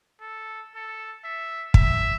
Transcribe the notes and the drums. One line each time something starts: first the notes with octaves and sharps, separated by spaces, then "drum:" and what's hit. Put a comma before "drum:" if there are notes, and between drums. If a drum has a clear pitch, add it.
A4
A4
E5
E5, drum: kick